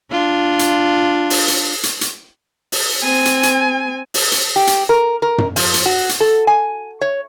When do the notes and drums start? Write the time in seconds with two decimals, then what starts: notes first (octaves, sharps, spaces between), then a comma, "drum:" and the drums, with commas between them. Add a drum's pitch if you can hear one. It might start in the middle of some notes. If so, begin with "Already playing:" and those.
0.11 D4 F4
0.59 drum: hi-hat
1.30 drum: open hi-hat
1.48 drum: hi-hat
1.83 drum: hi-hat
2.01 drum: hi-hat
2.72 drum: open hi-hat
3.03 C4 G#5
3.25 drum: hi-hat
3.43 drum: hi-hat
4.14 drum: open hi-hat
4.32 drum: hi-hat
4.56 G4
4.67 drum: hi-hat
4.89 A#4
5.22 A#4
5.38 drum: tom
5.56 F3, drum: open hi-hat
5.74 drum: hi-hat
5.86 F#4
6.09 drum: hi-hat
6.20 A4
6.47 G#5
7.01 C#5